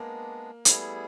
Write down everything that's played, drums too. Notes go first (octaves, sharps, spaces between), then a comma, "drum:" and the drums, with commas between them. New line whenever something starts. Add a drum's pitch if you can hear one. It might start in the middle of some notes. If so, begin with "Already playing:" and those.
Already playing: G#3 A#3 B3 D4
G3 A3 B3 E4 G#4, drum: hi-hat